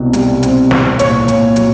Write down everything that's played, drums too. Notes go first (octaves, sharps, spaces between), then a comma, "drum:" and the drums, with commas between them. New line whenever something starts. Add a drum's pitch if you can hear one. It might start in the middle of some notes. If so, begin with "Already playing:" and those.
Already playing: C2 B2 C4
G3, drum: hi-hat
C4, drum: hi-hat
C2, drum: snare
A#2 C#5, drum: hi-hat
A#2, drum: hi-hat
F#3, drum: hi-hat